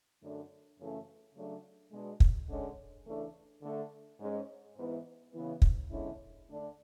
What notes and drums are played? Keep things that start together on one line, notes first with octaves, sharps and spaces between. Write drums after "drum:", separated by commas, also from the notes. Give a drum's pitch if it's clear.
F#2 D3 A3 D4
F#2 C#3 E3 A3 C#4
C#3 F#3 A3 D4
B2 G#3 D4
drum: kick
D3 G#3 C#4
C#3 E3 A3 D4
D3 A3 D4
G#2 G#3 C#4
G#2 E3 B3 E4
C#3 E3 B3
drum: kick
E2 D3 G#3 C#4 E4
D3 A3 D4